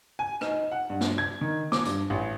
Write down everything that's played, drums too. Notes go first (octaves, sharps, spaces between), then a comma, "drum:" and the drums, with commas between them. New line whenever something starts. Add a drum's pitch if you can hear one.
G#5
D#4, drum: rim click
F#5
G2
drum: snare
G#6
D#3
D6, drum: snare
G2, drum: tambourine
A1